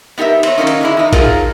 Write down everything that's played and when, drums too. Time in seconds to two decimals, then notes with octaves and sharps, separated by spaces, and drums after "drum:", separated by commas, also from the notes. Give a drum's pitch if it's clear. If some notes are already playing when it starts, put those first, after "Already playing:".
0.18 B3 D#4 G4 A#4 E5
0.43 C4 C#5, drum: cymbal
0.58 D#3 F#3 G3 A#3 C#4 D#4
0.67 drum: cymbal
0.81 D3 G#3 E4
0.97 E2 D#4
1.13 F3 F#3 D#4 F4 G#4 A#4, drum: kick A1, cymbal